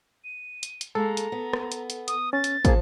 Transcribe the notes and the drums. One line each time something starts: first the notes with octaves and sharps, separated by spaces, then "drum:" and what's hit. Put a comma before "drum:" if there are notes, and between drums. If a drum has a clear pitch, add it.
D#7
drum: hi-hat
drum: hi-hat
G#3 A#3 A4 A#5
drum: hi-hat
B3
drum: rim click
drum: hi-hat
drum: hi-hat
D#6, drum: hi-hat
C#4 A6
drum: hi-hat
F3 A#3 G#4 A5, drum: kick, hi-hat